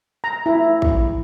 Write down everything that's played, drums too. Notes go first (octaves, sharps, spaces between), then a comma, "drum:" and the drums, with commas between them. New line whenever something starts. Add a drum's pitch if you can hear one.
A#5
E4
drum: kick